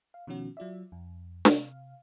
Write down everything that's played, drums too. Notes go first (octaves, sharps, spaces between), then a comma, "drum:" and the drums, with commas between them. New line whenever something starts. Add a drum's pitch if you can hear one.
F5
B2 D#3 F3 C#4 F#4
F#3 F4 D5 E5
F2
C3 F5, drum: snare D4